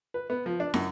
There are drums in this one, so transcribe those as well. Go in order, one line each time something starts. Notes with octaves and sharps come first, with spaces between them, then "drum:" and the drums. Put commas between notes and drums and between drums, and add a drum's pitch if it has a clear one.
B4
B3
F3
D4
F#2, drum: snare